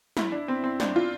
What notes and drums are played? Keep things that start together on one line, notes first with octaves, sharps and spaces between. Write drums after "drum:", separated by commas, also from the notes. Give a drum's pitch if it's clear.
E4, drum: snare
D4
C4
C4
D4, drum: snare
F4